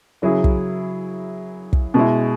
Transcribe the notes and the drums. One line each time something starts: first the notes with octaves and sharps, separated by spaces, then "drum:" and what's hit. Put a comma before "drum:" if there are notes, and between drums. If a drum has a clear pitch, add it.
C#3 F#3 E4 G#4
drum: kick
drum: kick
B2 G#3 E4